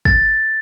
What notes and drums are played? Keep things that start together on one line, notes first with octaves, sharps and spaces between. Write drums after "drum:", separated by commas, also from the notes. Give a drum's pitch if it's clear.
A6, drum: kick